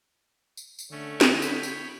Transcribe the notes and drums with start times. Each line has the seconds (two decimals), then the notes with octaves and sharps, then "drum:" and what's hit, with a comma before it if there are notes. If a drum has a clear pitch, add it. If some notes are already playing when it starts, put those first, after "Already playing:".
0.57 drum: tambourine
0.79 drum: tambourine
0.91 D3 A3 C#4
1.21 drum: snare
1.42 C#5 G5 B5, drum: tambourine
1.63 drum: tambourine